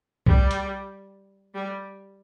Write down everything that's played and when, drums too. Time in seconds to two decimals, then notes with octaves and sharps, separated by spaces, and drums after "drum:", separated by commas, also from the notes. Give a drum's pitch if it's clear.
0.26 G3, drum: kick
0.51 drum: hi-hat
1.54 G3